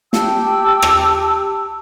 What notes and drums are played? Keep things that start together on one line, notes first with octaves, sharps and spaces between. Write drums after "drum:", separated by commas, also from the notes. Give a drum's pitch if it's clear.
G4 G5 A5 E6, drum: snare
drum: rim click